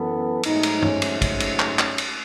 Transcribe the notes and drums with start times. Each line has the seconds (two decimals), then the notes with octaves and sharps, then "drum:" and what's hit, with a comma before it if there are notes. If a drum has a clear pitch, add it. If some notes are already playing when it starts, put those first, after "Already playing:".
Already playing: F#2 E3 B3 A4
0.43 G#2 F#3 A3 D#4, drum: cymbal
0.63 drum: cymbal
0.82 C#4, drum: tom
1.02 drum: cymbal
1.22 C#4, drum: kick, cymbal
1.40 drum: cymbal
1.60 drum: clap
1.79 drum: clap
1.98 drum: cymbal